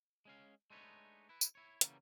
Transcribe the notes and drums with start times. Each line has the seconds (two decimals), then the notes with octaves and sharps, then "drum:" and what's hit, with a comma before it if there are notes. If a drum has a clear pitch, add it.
0.25 G#3 C#4 F5
0.70 G#3 A3 D4 D#4 B4 C#5
1.29 E4 B4
1.41 drum: tambourine
1.55 E4 C#5
1.81 C#3 E3 F#3 G3 A#3, drum: hi-hat